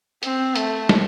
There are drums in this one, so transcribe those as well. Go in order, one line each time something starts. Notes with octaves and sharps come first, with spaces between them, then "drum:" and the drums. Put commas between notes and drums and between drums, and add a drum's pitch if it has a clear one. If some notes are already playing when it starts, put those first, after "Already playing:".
C4, drum: hi-hat
A3, drum: hi-hat
drum: snare